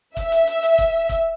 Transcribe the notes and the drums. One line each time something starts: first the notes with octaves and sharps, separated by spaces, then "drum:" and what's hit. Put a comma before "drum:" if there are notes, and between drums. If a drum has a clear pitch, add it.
E5, drum: kick, hi-hat
drum: hi-hat
drum: hi-hat
drum: hi-hat
drum: kick, hi-hat
drum: kick, hi-hat